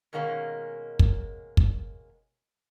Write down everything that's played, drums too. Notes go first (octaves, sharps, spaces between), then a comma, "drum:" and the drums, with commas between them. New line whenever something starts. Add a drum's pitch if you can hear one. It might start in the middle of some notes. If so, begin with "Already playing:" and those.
B2 D#3 G#3 A#3 C#4
drum: kick
drum: kick